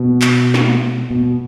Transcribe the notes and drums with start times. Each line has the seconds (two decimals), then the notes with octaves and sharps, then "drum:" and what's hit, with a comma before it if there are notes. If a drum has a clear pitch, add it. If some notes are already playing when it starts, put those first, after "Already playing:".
Already playing: B2
0.22 drum: clap
0.54 drum: snare
1.10 B2